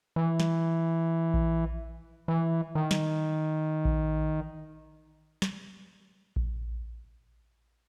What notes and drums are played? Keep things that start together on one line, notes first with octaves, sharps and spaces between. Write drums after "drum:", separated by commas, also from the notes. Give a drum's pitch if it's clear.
E3
drum: snare
drum: kick A#1
E3
D#3
drum: snare
drum: kick A#1
drum: snare
drum: kick A#1